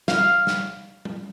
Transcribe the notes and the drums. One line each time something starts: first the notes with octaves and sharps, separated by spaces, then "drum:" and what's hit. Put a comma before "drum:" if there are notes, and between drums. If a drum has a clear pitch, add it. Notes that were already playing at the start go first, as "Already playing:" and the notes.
F5, drum: snare
drum: snare
drum: tom G3